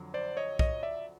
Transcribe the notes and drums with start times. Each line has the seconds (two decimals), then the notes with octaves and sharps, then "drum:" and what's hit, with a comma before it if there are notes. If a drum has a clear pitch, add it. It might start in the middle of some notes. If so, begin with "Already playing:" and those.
Already playing: F2 D3 F#3
0.14 C5 D5
0.37 C#5 D#5
0.59 C#5 D#5, drum: kick
0.83 D5 E5